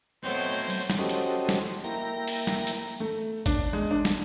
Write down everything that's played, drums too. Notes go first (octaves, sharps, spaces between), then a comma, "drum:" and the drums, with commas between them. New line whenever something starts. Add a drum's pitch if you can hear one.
F#3 A3 B3 C4 D#4 C5 C#5 G5
drum: open hi-hat
drum: snare
C#4 F#4 G4 A4 C5 D#5
drum: hi-hat
drum: snare
A#3 E4 G5 A#5 A#6
drum: open hi-hat
drum: snare
drum: hi-hat
A3
D4, drum: kick G#1, hi-hat
G#3
D4
drum: snare